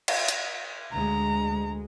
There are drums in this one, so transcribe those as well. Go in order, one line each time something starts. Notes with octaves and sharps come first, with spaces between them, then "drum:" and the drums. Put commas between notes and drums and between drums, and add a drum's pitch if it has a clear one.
drum: cymbal
drum: hi-hat
D2 D3 G#3 A#5